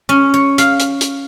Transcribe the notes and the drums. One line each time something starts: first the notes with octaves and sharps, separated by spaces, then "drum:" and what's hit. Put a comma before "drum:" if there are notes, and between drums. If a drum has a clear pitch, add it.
C#4
C#5
F5, drum: hi-hat
drum: hi-hat
drum: hi-hat